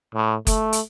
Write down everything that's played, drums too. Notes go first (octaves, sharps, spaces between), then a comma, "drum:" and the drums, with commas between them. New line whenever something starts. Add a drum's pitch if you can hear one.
A2
A3, drum: kick F#1, hi-hat
drum: hi-hat